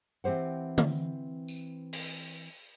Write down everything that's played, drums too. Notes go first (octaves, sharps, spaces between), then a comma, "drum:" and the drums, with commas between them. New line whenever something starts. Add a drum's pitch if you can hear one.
E3 C4 G4 C5 F#5
drum: tom D3
drum: tambourine
drum: open hi-hat